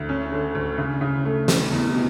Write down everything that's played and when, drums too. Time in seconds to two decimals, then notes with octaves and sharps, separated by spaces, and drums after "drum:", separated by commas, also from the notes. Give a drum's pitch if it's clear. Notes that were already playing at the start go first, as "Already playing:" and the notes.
Already playing: D2
0.09 C#4
0.32 D3
0.55 D2
0.78 C#3
1.01 C#3
1.25 A3
1.48 G3, drum: snare
1.71 E2
1.94 B2